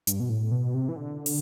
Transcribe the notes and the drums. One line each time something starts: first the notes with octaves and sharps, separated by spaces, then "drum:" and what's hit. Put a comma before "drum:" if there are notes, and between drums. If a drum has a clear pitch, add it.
G2, drum: hi-hat
B2
A2
B2
C3
E3
D3
drum: open hi-hat